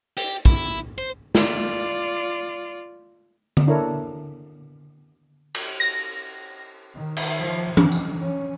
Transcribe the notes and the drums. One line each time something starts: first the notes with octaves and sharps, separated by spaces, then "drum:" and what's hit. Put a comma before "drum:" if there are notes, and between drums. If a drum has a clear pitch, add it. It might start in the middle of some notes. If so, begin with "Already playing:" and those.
G4, drum: hi-hat
E4, drum: kick
C5
F4 D5, drum: snare
drum: tom D3
D4 E4 A4 A#4 C#5
drum: cymbal
A#6
D#3
drum: cymbal
F3
F2, drum: tom E3
drum: tambourine
C#4